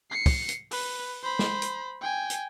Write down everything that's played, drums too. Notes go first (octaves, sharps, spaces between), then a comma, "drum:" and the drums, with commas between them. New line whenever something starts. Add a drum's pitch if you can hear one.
C7 C#7
drum: kick, open hi-hat
drum: hi-hat
B4, drum: open hi-hat
C5 B5
drum: snare
drum: hi-hat
G5 G#5
drum: hi-hat